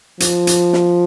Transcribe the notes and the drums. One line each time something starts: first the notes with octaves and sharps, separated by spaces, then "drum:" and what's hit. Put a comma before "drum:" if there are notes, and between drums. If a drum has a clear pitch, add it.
F3, drum: hi-hat
drum: hi-hat
drum: snare